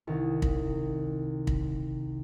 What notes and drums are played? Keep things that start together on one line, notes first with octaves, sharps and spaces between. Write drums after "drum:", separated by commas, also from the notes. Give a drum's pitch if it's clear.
C2 D#3
drum: kick
drum: kick